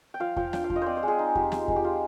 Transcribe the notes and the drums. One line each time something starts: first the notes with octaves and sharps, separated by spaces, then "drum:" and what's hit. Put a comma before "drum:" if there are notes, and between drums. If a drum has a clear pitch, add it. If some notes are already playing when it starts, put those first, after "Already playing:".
G5
F3 F5
F3 G5, drum: kick E2
D4 G5, drum: snare
F5
F3, drum: kick E2
D#5
C4 C5 D5
C5
G#3
G#4
D#4
F3 G4, drum: kick E2
G#3, drum: snare
G#3, drum: kick E2
G4
G#3 F4